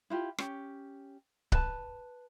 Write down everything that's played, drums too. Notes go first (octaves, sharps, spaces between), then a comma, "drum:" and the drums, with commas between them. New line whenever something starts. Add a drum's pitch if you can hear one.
E4 F4 G4
C#4 G4, drum: rim click
B4 A5, drum: kick C#1